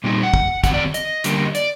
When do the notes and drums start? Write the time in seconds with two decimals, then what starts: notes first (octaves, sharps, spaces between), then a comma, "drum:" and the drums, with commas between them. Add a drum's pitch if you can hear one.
0.04 A#2 G3 C4 D#4
0.23 F#5
0.34 drum: kick
0.64 D#3 F#3 C4 F#5, drum: kick, hi-hat
0.74 D5
0.94 D#5, drum: hi-hat
1.24 D3 G3 A#3, drum: hi-hat
1.55 D5, drum: hi-hat